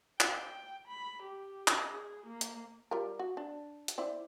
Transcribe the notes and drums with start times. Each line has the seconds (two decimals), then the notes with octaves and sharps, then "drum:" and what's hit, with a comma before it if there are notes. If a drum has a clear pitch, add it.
0.20 G5, drum: clap
0.88 B5
1.23 G4
1.68 drum: clap
1.89 G#4
2.27 A#3
2.41 drum: hi-hat
2.91 G3 F4 A#4
3.19 F#4
3.37 D4
3.88 drum: hi-hat
3.98 E4 C5 D5